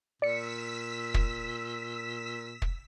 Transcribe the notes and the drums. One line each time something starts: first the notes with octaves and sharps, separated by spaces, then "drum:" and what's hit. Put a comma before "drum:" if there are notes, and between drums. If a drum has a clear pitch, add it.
A#2 D5 E6 B6 C#7
drum: kick
drum: kick